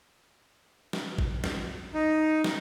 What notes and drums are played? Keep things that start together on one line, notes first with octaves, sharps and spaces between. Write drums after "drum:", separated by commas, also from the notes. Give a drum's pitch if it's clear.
drum: snare
drum: kick G#1
drum: snare
D#4
drum: snare